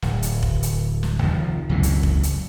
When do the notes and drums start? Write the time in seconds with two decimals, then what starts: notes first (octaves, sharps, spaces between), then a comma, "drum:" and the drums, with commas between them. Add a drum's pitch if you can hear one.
0.02 D1, drum: snare
0.22 drum: hi-hat
0.43 drum: kick F1
0.63 drum: hi-hat
1.03 drum: snare
1.22 C2 D#3 F3
1.69 C#2 F#2 C3 E3
1.83 drum: hi-hat
2.03 drum: kick F1
2.23 drum: hi-hat